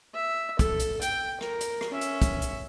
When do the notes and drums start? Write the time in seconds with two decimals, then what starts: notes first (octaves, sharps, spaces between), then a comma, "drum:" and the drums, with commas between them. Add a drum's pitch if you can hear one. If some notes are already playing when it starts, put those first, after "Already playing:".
0.15 E5
0.59 A4, drum: kick, hi-hat
0.80 drum: hi-hat
1.02 G5, drum: hi-hat
1.41 A#4, drum: rim click
1.61 drum: hi-hat
1.81 drum: rim click
1.91 C#4 E5
2.01 drum: hi-hat
2.22 drum: kick, hi-hat
2.42 drum: hi-hat